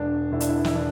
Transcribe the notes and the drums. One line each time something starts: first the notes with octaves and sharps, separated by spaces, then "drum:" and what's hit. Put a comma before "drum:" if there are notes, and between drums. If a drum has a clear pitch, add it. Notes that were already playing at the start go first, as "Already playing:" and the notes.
Already playing: E1 D4
E1 E4
D4, drum: hi-hat
E4
E4, drum: snare
E3 D4